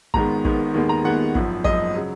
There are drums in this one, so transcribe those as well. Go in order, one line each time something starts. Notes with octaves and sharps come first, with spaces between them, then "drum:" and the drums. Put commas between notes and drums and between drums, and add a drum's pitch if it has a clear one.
G#1 G#2 D#3 G#3 B3 A#5, drum: kick
G#1 G#2 D#3 G#3 B3, drum: kick
D#2 D#3 G#3 B3
A#5
D#2 D#3 G#3 B3 F#5
G#1 F#2 F3, drum: kick
G#1 F#2 F3 D#5, drum: kick
C#3 F#3